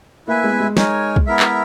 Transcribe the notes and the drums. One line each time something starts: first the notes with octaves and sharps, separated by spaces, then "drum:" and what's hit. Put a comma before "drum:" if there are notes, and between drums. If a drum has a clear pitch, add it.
A#3 E4 B4 E5 G#5
G#3 B3
G#3
D#4 A#4 C#5 G#5, drum: snare
drum: kick
B3 E4 A#4 E5
drum: clap